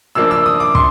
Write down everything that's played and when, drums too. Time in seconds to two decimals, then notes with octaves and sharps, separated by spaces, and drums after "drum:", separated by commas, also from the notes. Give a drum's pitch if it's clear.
0.15 C#3 F3 A#3 D4 E6
0.31 E6
0.46 D#6
0.60 D6
0.75 C6, drum: kick